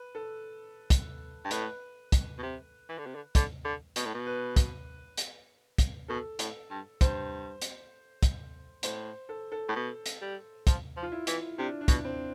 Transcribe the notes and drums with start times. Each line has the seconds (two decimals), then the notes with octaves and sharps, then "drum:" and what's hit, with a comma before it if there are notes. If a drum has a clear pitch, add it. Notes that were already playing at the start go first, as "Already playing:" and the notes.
Already playing: B4
0.15 A4
0.90 drum: kick, hi-hat
1.45 G2
1.51 A2 B4, drum: hi-hat
2.12 drum: kick, hi-hat
2.38 B2
2.42 C3
2.89 E3
2.98 D3
3.06 C3
3.15 D3
3.35 D3, drum: kick, hi-hat
3.65 D3
3.96 B2, drum: hi-hat
4.05 A2
4.14 B2
4.27 B4
4.56 drum: kick, hi-hat
5.17 drum: hi-hat
5.78 drum: kick, hi-hat
6.08 B2 A4
6.39 A2, drum: hi-hat
6.70 G2
7.01 G2 C5, drum: kick, hi-hat
7.62 drum: hi-hat
8.23 drum: kick, hi-hat
8.83 A2 C5, drum: hi-hat
9.29 A4
9.52 A4
9.68 A2
9.76 B2
10.06 drum: hi-hat
10.21 G3
10.67 F3, drum: kick, hi-hat
10.97 F3
11.03 F4
11.12 E4
11.27 E3, drum: hi-hat
11.58 C3 D4
11.81 D4
11.88 B2, drum: kick, hi-hat
12.04 C4